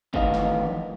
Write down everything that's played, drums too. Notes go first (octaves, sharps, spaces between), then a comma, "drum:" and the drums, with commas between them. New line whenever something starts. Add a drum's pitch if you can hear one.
E2 A2 D#3 B3 D#5 F5, drum: kick
drum: snare
drum: tom E3